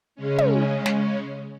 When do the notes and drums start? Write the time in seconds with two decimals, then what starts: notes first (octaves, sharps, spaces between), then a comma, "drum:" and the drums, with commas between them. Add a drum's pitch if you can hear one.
0.15 C#3 G#3 C#4
0.38 drum: tom
0.86 drum: snare